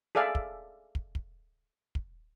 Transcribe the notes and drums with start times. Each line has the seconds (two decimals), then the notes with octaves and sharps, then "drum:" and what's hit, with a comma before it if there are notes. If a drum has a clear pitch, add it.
0.15 G#4 A4 D5 E5 F5 G#5
0.35 drum: kick
0.95 drum: kick
1.15 drum: kick
1.95 drum: kick